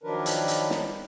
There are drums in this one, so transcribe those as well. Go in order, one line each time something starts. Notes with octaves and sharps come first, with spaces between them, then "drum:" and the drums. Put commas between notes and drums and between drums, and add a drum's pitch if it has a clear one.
D#3 F3 F#3 D4 A#4 B4
drum: hi-hat
drum: hi-hat
drum: snare